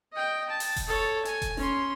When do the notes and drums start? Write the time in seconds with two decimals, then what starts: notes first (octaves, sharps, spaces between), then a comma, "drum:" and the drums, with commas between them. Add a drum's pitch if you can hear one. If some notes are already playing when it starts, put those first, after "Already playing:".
0.12 D#5 G5
0.50 A5
0.60 drum: open hi-hat
0.76 drum: kick F1, open hi-hat
0.87 A4 C#5
1.25 G#5, drum: hi-hat
1.42 drum: kick F1, hi-hat
1.57 C#4 C6, drum: snare